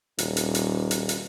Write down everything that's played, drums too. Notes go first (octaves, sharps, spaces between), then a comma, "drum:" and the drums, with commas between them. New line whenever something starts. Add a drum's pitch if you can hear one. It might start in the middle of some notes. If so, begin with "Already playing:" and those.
D#1, drum: hi-hat
drum: hi-hat
drum: hi-hat
drum: hi-hat
drum: hi-hat